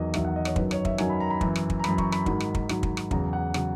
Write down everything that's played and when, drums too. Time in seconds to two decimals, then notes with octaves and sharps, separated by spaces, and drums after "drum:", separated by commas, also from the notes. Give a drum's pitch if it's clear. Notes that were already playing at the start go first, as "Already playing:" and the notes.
Already playing: E2 D#3 F#3 D#5
0.14 E2 D#3 F#3 E5, drum: rim click
0.25 F#5
0.36 D#5
0.45 C#5, drum: rim click
0.56 F#2 D#3 F#3 B4, drum: kick
0.71 C#5, drum: rim click
0.85 E5, drum: kick
0.98 F#2 D#3 F#3 G#5, drum: rim click
1.10 B5
1.20 A#5
1.30 B5
1.41 F#2 E3, drum: kick
1.56 drum: rim click
1.70 drum: kick
1.79 A#5
1.84 F#2 E3 B5, drum: rim click
1.98 C#6, drum: kick
2.12 B5, drum: rim click
2.26 G#2 D#3 F#3, drum: kick
2.40 drum: rim click
2.55 drum: kick
2.69 G#2 D#3 F#3, drum: rim click
2.83 drum: kick
2.97 drum: rim click
3.11 E2 C#3 F#3 A#5, drum: kick
3.33 F#5
3.54 C#3 F#3, drum: rim click